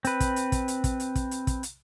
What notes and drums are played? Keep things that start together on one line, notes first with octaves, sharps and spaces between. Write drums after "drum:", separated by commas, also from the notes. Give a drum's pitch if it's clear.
C4 B4, drum: hi-hat
drum: kick, hi-hat
drum: hi-hat
drum: kick, hi-hat
drum: hi-hat
drum: kick, hi-hat
drum: hi-hat
drum: kick, hi-hat
drum: hi-hat
drum: kick, hi-hat
drum: hi-hat